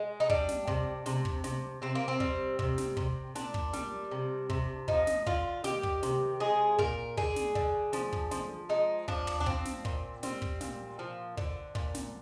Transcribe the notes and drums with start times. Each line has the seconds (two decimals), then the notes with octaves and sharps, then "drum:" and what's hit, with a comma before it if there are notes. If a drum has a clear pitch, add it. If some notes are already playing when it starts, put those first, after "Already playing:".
Already playing: G#3
0.20 D#4
0.30 G3 D4, drum: kick
0.49 drum: snare
0.67 C3, drum: kick
1.06 C3, drum: snare
1.25 drum: kick
1.44 C3, drum: snare
1.82 C3 C4
1.95 A#3
2.08 C4
2.20 G3, drum: kick
2.59 C3, drum: kick
2.78 drum: snare
2.97 C3, drum: kick
3.35 A#2 D4, drum: snare
3.54 drum: kick
3.73 G3, drum: snare
4.11 C3
4.50 C3, drum: kick
4.88 F3 D#4, drum: kick
5.07 drum: snare
5.26 D3 F4, drum: kick
5.64 D#3 G4, drum: snare
5.83 drum: kick
6.03 C3, drum: snare
6.40 G#3 G#4
6.78 A#2 A#4, drum: kick
7.17 D3 G#4, drum: kick
7.36 drum: snare
7.55 D3, drum: kick
7.93 F3, drum: snare
8.13 drum: kick
8.31 F3, drum: snare
8.69 G#3 D#4
9.08 F3 D4, drum: kick
9.27 drum: tom
9.40 D4
9.46 F3 C4, drum: kick
9.65 drum: snare
9.85 A#2, drum: kick
10.23 G3 C4, drum: snare
10.42 drum: kick
10.61 A#2, drum: snare
10.99 F3
11.37 D3, drum: kick
11.75 A#2, drum: kick
11.94 drum: snare